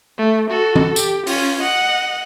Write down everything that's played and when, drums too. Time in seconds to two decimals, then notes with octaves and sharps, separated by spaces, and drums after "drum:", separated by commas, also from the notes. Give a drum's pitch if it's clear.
0.18 A3
0.50 F#4 A4
0.76 drum: tom E3
0.96 G4, drum: tambourine
1.27 C#4 F4, drum: open hi-hat
1.62 D#5 F#5